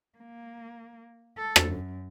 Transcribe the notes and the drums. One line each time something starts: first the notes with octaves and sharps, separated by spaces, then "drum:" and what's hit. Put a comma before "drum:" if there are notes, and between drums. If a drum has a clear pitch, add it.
A#3
A4
drum: rim click
F#2